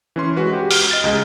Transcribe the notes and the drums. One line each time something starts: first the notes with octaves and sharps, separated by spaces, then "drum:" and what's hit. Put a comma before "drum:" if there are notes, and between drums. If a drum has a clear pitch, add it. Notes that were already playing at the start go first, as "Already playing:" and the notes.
E3 C#4 C6
G#3 F#4 B4
G4
F6, drum: open hi-hat
D#5 A6
C#2 G#3